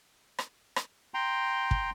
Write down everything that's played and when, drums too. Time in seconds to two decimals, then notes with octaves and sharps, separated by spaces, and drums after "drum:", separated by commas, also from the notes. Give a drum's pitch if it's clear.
0.39 drum: rim click
0.76 drum: rim click
1.14 G5 A#5 C6
1.71 drum: kick